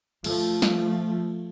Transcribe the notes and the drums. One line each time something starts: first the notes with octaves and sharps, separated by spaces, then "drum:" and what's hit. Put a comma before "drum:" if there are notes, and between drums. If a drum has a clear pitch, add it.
F3 A3, drum: cymbal
drum: snare